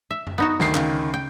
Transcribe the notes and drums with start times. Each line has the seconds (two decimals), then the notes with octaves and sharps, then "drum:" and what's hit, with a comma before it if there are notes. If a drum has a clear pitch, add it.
0.11 E5
0.27 drum: tom F#2
0.38 B3 D#4 F#4
0.60 D2 D#3 C7, drum: snare
0.75 C#3, drum: clap
1.14 G5